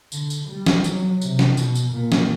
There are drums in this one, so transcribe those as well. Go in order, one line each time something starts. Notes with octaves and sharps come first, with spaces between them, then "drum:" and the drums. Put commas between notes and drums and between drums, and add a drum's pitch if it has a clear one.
D3, drum: tambourine
drum: tambourine
G3
drum: snare
F#3, drum: tambourine
C3, drum: tambourine
drum: snare
B2, drum: tambourine
drum: tambourine
A#2
drum: snare